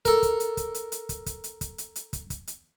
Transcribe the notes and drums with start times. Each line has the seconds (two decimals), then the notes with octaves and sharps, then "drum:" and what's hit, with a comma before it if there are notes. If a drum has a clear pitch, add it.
0.05 A4 A#4, drum: kick, hi-hat
0.23 drum: kick, hi-hat
0.40 drum: hi-hat
0.57 drum: kick, hi-hat
0.74 drum: hi-hat
0.92 drum: hi-hat
1.09 drum: kick, hi-hat
1.26 drum: kick, hi-hat
1.44 drum: hi-hat
1.61 drum: kick, hi-hat
1.78 drum: hi-hat
1.96 drum: hi-hat
2.13 drum: kick, hi-hat
2.30 drum: kick, hi-hat
2.47 drum: hi-hat